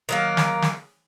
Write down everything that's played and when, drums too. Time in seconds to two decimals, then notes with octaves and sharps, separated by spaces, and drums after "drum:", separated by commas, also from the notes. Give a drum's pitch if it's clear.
0.09 D#3 F#3 A#3
0.37 drum: snare
0.62 drum: snare